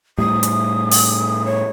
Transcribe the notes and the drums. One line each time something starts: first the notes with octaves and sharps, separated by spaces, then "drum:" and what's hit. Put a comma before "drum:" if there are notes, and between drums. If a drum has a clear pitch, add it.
A2 G3 D#6
drum: hi-hat
drum: open hi-hat
C#5